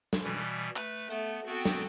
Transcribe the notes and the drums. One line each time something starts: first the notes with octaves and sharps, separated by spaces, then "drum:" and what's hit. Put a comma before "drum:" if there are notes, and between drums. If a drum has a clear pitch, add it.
drum: snare
B2 E3 G3
A3 B4, drum: clap
A3 B3, drum: hi-hat
B3 C4 F#4 A4 G5
drum: snare